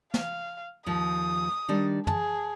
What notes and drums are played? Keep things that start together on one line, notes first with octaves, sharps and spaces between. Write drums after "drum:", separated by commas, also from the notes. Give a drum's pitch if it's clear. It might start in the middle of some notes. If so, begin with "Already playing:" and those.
F5, drum: snare
D#2 F3 D#6
D#3 G3 D4
G#4 A5, drum: tom